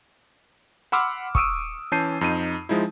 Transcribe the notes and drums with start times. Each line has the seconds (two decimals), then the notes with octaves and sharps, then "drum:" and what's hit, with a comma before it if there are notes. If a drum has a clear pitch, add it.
0.92 F#5 B5 C6 D6 E6 F6, drum: hi-hat
1.35 C#6 D#6 E6 D7 D#7, drum: kick
1.92 E3 C#4 A5 G6 C7 D#7
2.21 F2 D#4 D#7
2.69 F3 G#3 D#4 E4